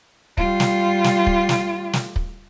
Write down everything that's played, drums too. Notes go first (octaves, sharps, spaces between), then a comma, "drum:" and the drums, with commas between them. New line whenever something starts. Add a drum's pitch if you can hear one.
G3 F4, drum: kick
drum: snare
drum: snare
drum: kick
drum: snare
drum: snare
drum: kick